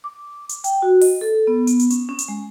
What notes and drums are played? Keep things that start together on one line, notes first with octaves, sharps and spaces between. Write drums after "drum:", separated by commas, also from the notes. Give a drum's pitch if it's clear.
D6
drum: hi-hat
G5, drum: hi-hat
F#4
D#5, drum: open hi-hat
A4
B3
B3, drum: hi-hat
drum: hi-hat
C#4, drum: hi-hat
C#4
drum: hi-hat
G#3